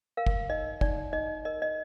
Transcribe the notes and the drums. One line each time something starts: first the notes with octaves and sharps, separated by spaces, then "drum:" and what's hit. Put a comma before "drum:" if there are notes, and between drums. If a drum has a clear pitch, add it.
A#4 F5
drum: kick
D#4 D#5
D#4 D5, drum: kick
D#4 D#5
A#4 D#5
D#5